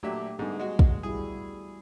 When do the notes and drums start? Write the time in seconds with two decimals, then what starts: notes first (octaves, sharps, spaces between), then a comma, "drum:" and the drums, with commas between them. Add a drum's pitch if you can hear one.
0.03 A#2 F#3 A3 D4 G4 E5
0.39 G#2 D3 G3 B3 G#4
0.60 G#3 F#4
0.79 drum: kick
1.03 G3 E4 F#4 G#4